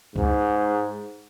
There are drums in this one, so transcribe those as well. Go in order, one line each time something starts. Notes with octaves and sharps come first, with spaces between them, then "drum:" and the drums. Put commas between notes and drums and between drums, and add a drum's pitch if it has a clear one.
G#2, drum: kick C#2